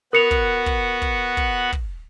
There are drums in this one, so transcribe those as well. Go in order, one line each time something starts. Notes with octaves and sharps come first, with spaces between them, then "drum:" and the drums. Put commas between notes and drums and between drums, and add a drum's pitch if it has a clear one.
B3 F#4 A#4 F#5 C#7 F7
drum: kick
drum: kick
drum: kick
drum: kick
drum: kick